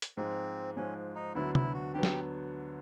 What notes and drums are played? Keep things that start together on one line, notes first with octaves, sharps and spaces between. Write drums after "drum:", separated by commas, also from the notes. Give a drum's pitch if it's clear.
drum: hi-hat
G#2 F3 G#3 C4
G#2 F3 G#3 C#4
D#4
D2 D3 F#3 B3 E4
E4, drum: tom C3
F#4
D3 F#3 B3 G4
drum: snare